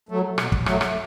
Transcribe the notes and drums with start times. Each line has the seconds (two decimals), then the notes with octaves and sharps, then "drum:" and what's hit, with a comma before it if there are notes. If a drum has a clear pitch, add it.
0.09 F#3 A3
0.38 B2, drum: rim click
0.52 drum: kick
0.66 F#3 A3, drum: rim click
0.81 drum: rim click